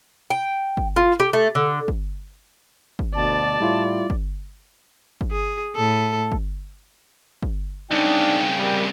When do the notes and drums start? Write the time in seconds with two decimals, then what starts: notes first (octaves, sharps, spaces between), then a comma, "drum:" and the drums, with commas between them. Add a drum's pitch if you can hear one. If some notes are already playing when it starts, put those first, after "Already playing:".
0.30 G5
0.77 drum: kick
0.96 F4
1.20 G4
1.33 A3
1.55 D3
1.88 drum: kick
2.99 drum: kick
3.15 D2 B2 D5 A5
3.60 A2 G3 E4 F4
4.10 drum: kick
5.21 drum: kick
5.31 G#4
5.76 A2 A4
6.32 drum: kick
7.43 drum: kick
7.91 C2 C#3 D4 D#4 G5
8.58 G3 A#4